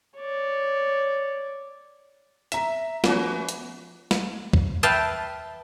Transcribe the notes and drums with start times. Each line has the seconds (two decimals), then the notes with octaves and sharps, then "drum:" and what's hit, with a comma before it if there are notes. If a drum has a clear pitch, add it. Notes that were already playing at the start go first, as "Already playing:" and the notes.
0.17 C#5 D5
2.52 E5 A#5 E7, drum: hi-hat
3.04 F3 A3 B3 C#4 F#4, drum: snare
3.49 drum: hi-hat
4.11 drum: snare
4.53 drum: kick
4.83 B4 E5 F5 G5 A5